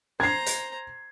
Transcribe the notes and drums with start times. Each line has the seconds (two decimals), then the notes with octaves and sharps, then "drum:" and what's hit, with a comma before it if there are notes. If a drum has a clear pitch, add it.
0.20 C5 A#5 G#6 C7
0.46 drum: hi-hat